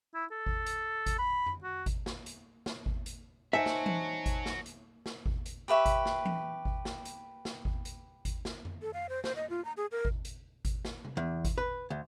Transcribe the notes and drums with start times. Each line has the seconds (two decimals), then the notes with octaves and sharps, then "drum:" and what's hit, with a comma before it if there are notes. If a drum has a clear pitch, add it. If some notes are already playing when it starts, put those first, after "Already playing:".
0.14 E4
0.31 A4
0.46 drum: kick G#1
0.66 drum: hi-hat
1.06 drum: kick G#1, hi-hat
1.19 B5
1.46 drum: tom F2
1.63 F#4
1.86 drum: kick G#1, hi-hat
2.06 drum: snare
2.26 drum: hi-hat
2.66 drum: snare
2.86 drum: kick G#1
3.06 drum: hi-hat
3.53 D#4 F#4 C5 C#5 E5 G#5 A5
3.66 drum: snare
3.86 drum: tom E3
4.26 drum: kick G#1, hi-hat
4.46 drum: snare
4.66 drum: hi-hat
5.06 drum: snare
5.26 drum: kick G#1
5.46 drum: hi-hat
5.68 G4 B4 E5 C#6
5.86 drum: kick G#1, hi-hat
6.05 drum: snare
6.25 drum: tom E3
6.65 drum: kick G#1
6.85 drum: snare
7.05 drum: hi-hat
7.45 drum: snare
7.65 drum: kick G#1
7.85 drum: hi-hat
8.25 drum: kick G#1, hi-hat
8.45 drum: snare
8.65 drum: tom F2
8.82 A4
8.94 F5
9.09 C5
9.24 C5, drum: snare
9.36 D#5
9.50 F4
9.65 A#5
9.77 G#4
9.92 A#4
10.05 drum: kick G#1
10.25 drum: hi-hat
10.65 drum: kick G#1, hi-hat
10.85 drum: snare
11.05 drum: tom C3
11.17 E2
11.45 drum: kick G#1, hi-hat
11.58 B4
11.90 D2